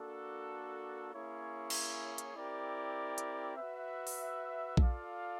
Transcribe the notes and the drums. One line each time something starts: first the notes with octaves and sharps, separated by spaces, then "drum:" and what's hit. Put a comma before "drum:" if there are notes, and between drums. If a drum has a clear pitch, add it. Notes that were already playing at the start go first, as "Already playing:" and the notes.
Already playing: A#3 D4 F#4 A4
A#3 C#4 E4 G#4 C#5
drum: cymbal
drum: hi-hat
C4 E4 G4 A#4 D5
drum: hi-hat
F#4 B4 E5
drum: open hi-hat
F4 A4 D5 F5, drum: kick A#1